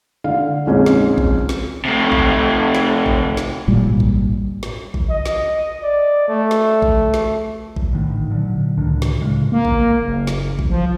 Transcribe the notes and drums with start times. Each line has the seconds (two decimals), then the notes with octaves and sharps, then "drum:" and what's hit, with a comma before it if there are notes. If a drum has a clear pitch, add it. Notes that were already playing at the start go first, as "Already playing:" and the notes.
0.24 D3 F5
0.66 A#1 F2 G#3 C#4 D#4
0.86 drum: snare
1.18 drum: kick A1
1.49 drum: snare
1.85 C3 A3
2.12 drum: kick A1
2.75 drum: snare
3.06 drum: kick A1
3.37 drum: snare
3.68 G#1 A#2 G3
4.00 drum: kick A1
4.63 drum: snare
4.94 drum: kick A1
5.10 D#5
5.26 drum: snare
5.83 D5
6.28 A3
6.51 drum: snare
6.82 drum: kick A1
7.14 drum: snare
7.76 drum: kick A1
7.92 G#1 A2 D3 D#3
8.31 A#2 D3 F#3
8.77 C#2 A2 D#3 D4
9.02 drum: snare
9.20 A2 C#3 G#3
9.52 A#3
9.65 drum: kick A1
10.01 F#1
10.27 drum: snare
10.59 drum: kick A1
10.70 F3